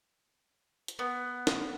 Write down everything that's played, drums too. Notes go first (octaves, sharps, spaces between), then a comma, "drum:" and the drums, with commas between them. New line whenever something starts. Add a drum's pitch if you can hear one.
drum: hi-hat
B3
drum: snare